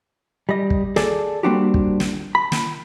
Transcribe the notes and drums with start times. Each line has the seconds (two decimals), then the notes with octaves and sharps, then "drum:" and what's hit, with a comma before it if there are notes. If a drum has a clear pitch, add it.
0.49 G3 D#5
0.70 drum: kick
0.96 G#4 A4 D5, drum: snare
1.43 G3 A#3 C4 D4 F#4 G4
1.74 drum: kick
2.00 drum: snare
2.35 B5
2.52 drum: snare